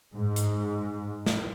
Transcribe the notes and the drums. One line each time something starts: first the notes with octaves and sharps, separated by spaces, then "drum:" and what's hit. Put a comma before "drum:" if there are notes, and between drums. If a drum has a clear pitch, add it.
G#2
drum: hi-hat
drum: snare